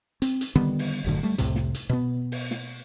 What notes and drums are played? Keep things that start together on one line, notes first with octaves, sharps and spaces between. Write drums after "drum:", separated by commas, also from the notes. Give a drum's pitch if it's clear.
C4, drum: hi-hat
drum: hi-hat
D3 D#3 G3 B3
drum: open hi-hat
G1 F#2 A2 D3
G3 A3
C2 F2 A2 C3, drum: hi-hat
drum: snare
drum: hi-hat
B2 B3
drum: open hi-hat
drum: snare